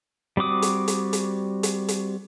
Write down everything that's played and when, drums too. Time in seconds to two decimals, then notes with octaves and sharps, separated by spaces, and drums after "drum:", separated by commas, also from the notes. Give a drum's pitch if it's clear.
0.37 G3 C4 F#4 D6 D#6
0.62 drum: hi-hat
0.88 drum: hi-hat
1.13 drum: hi-hat
1.63 drum: hi-hat
1.88 drum: hi-hat